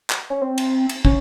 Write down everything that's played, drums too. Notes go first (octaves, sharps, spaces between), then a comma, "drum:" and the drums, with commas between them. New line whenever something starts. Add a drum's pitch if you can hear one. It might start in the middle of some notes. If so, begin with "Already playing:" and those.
drum: clap
C#4
C4
drum: cymbal
drum: cymbal
C#4, drum: kick